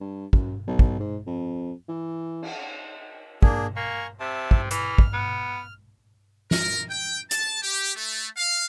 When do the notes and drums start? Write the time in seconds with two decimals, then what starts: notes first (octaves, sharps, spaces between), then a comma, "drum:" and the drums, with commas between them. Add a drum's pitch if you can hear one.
0.01 G2
0.33 F#2, drum: kick
0.67 B1
0.79 drum: kick
0.99 G#2
1.26 F2
1.88 E3
2.42 drum: cymbal
3.42 A#3 D4 G#4, drum: kick
3.76 A#3 G#5 C#6
4.20 C3 E5 A5
4.51 drum: kick
4.71 E3 F6, drum: hi-hat
4.98 drum: kick
5.13 B3
6.51 A#4, drum: snare
6.90 G5
7.31 A5, drum: hi-hat
7.63 G4
7.96 A3
8.37 F5